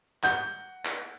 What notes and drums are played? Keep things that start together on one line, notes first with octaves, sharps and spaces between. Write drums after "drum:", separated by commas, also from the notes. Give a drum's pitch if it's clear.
F#5 G6, drum: clap
drum: clap